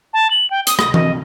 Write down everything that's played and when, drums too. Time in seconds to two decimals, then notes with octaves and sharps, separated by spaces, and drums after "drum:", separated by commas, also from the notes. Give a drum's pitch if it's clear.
0.13 A5
0.31 F#7
0.51 G5
0.67 D#6, drum: hi-hat
0.79 D#6, drum: rim click
0.94 D#5, drum: tom E3